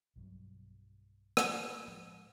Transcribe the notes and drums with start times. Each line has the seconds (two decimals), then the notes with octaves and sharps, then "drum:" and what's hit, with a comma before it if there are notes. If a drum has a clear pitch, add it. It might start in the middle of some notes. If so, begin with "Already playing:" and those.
0.16 B1 G2 F#3
1.37 drum: rim click
1.88 A2 F3 G#3